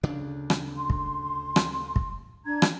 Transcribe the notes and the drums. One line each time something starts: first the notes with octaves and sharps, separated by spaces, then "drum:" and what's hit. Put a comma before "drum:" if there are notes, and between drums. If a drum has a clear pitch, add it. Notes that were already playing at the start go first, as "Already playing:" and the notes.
D2 C#3 D4
drum: rim click
C6
drum: kick
drum: rim click
drum: kick
D4 A#5 G#6
drum: rim click